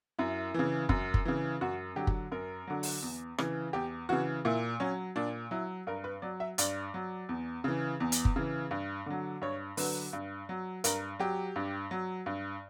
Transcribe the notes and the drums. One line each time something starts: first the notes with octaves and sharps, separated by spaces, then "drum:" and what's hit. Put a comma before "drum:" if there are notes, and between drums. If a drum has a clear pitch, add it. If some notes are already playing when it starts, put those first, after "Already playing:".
F#2 E4
C#3 E3
F#2, drum: kick
drum: kick
C#3 E3
F#2 F#4
D3 F#3 G4
drum: kick
F#2 A#4
D3 F#3
drum: open hi-hat
E2
C#3 E3, drum: rim click
E2 G4
C#3 E3 F#4
A#2 E4
F#3 C#4
A#2 D4
F#3 E4
G2 A#4
B4
F#3 D5
E5
G2 D5, drum: hi-hat
F#3
E2
C#3 E3
E2
drum: hi-hat
drum: kick
C#3 E3
G2
D3 F#3
G2 C#5
D3 F#3 B4, drum: open hi-hat
G2
F#3
G2 A#4, drum: hi-hat
F#3 G4
G2
F#3
G2